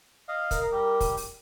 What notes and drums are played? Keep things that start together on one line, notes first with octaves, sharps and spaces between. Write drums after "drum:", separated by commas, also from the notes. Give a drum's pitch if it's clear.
D#5 F5
A#4, drum: kick, hi-hat
G3
drum: kick, open hi-hat
drum: open hi-hat